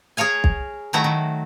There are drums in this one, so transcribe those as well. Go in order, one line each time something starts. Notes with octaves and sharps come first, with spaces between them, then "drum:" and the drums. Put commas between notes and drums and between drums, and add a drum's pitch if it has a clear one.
G#4 A#4 C#5 F5 G#5
drum: kick
D#3 F#3 A3 E4 F#4 A#5
D#3